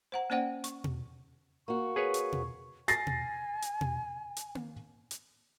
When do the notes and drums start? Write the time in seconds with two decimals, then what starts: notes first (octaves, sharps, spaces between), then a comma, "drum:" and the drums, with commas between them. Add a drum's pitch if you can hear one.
0.12 C5 F#5 A#5
0.30 A#3 C#4 C5 D5 F#5 G5
0.64 C#6, drum: hi-hat
0.84 drum: tom B2
1.68 A#3 F#4 C#6
1.96 G#4 B4 C#5
2.14 drum: hi-hat
2.33 drum: tom B2
2.88 G#5 A6 A#6 C7, drum: hi-hat
3.07 drum: tom B2
3.62 drum: hi-hat
3.81 drum: tom B2
4.37 drum: hi-hat
4.55 drum: tom A#3
5.11 drum: hi-hat